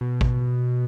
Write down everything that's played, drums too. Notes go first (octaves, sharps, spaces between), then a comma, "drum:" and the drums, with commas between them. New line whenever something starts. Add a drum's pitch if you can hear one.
B2
drum: kick